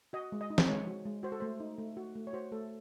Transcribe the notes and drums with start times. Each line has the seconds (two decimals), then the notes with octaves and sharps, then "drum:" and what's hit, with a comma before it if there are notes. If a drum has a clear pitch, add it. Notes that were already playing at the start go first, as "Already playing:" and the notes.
0.13 F#4 D#5
0.32 G#3
0.41 D#5
0.50 D#4
0.58 C5, drum: snare
0.68 G#3 C#5
0.87 F#4
1.05 G#3
1.23 F#4 C5
1.32 A4
1.40 A3 C5
1.60 D#4
1.78 A3
1.97 F#4
2.15 A3
2.27 C#5
2.33 F#4 C5
2.52 A3 A4